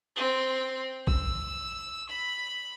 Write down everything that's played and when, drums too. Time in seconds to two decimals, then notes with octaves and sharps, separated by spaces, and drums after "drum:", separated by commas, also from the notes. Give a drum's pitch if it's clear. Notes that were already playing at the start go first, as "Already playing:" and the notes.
0.16 C4
1.07 E6, drum: kick A#1
2.09 B5